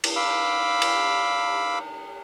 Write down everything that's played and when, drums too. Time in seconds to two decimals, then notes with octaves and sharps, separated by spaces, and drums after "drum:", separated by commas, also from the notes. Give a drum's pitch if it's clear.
0.04 drum: cymbal
0.16 F5 B5 D6 E6
0.82 drum: cymbal